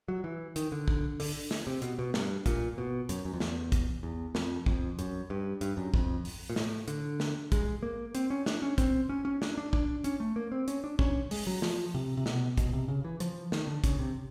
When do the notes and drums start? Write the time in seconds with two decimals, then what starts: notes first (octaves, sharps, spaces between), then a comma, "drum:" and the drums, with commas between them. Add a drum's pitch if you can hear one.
0.08 F#3
0.24 E3
0.56 D#3, drum: hi-hat
0.72 D3
0.88 drum: kick
1.20 D3, drum: open hi-hat
1.51 drum: snare
1.67 C3
1.82 B2, drum: hi-hat
1.99 B2
2.14 G2, drum: snare
2.46 A#2, drum: kick, hi-hat
2.78 B2
3.09 F#2, drum: hi-hat
3.25 F#2
3.34 F2
3.40 E2, drum: snare
3.72 drum: kick, hi-hat
4.03 E2
4.35 F2, drum: snare
4.66 F2, drum: kick
4.99 F#2, drum: hi-hat
5.30 G2
5.61 G2, drum: hi-hat
5.77 F#2
5.94 F2, drum: kick
6.25 drum: open hi-hat
6.50 A#2
6.56 A2, drum: snare
6.88 D3, drum: hi-hat
7.20 drum: snare
7.52 G#3, drum: kick, hi-hat
7.83 A#3
8.15 C4, drum: hi-hat
8.30 C#4
8.46 D4, drum: snare
8.62 C#4
8.78 C4, drum: kick, hi-hat
9.09 C#4
9.25 C#4
9.42 D4, drum: snare
9.58 D4
9.73 D4, drum: kick
10.04 C#4, drum: hi-hat
10.20 A3
10.36 A#3
10.52 C4
10.68 C#4, drum: hi-hat
10.84 D4
10.99 C#4, drum: kick
11.31 G#3, drum: open hi-hat
11.47 F#3
11.62 F3, drum: snare
11.94 C3
12.17 C3
12.26 B2, drum: snare
12.58 B2, drum: kick, hi-hat
12.73 C3
12.88 C#3
13.04 E3
13.20 F3, drum: hi-hat
13.52 D#3, drum: snare
13.67 D3
13.84 C#3, drum: kick, hi-hat
13.99 C3